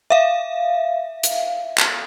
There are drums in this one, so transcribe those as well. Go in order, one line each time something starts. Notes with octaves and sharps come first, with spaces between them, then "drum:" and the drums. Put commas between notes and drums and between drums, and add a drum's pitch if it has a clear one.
E5 F5
drum: hi-hat
drum: clap